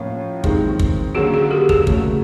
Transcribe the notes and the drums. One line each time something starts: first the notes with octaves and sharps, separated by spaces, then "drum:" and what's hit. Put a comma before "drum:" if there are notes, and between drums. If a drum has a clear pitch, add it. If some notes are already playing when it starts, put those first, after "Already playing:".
Already playing: A2 F3 A#3 C#4 F4
D#3 G#3 C4, drum: kick
drum: kick
D3 F#3 A#3 C#4 F#4 G#4
F#4 G#4
G4 A4
G#4 A#4, drum: kick
C#3 F#3 A3 C#4, drum: kick